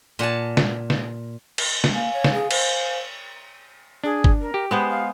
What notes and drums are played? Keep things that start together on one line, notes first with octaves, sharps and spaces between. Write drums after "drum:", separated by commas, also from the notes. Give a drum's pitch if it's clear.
A#2 F#5 G#5 A5
drum: snare
drum: snare
drum: cymbal
drum: snare
A#3 F5 G#5
C#5
drum: snare
G#4
C5, drum: cymbal
D4 G#4
drum: kick
A#4
G4
G#3 B3 B4 C5
F5